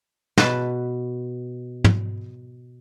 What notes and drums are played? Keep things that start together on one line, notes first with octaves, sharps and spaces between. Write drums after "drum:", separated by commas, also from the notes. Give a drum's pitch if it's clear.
B2 B4 A5 B5, drum: snare
drum: tom